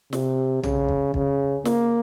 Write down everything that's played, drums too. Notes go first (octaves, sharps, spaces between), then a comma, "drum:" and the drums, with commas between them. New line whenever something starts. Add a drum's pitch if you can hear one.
C3, drum: snare
C#3, drum: tom
drum: kick
C#3, drum: kick
A#3, drum: snare